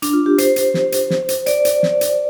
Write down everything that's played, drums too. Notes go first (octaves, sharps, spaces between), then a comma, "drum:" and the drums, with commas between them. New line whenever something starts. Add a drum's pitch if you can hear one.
D4, drum: hi-hat
F4
G4
C5, drum: hi-hat
drum: hi-hat
drum: snare
drum: hi-hat
drum: snare
drum: hi-hat
D5, drum: hi-hat
drum: hi-hat
drum: snare
drum: hi-hat